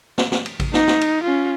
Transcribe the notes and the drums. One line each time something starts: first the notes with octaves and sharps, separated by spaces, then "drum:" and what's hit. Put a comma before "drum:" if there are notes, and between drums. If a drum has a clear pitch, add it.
drum: snare
drum: snare
drum: cymbal
drum: kick A1, cymbal
D#4, drum: snare
drum: snare
drum: cymbal
C#4 F4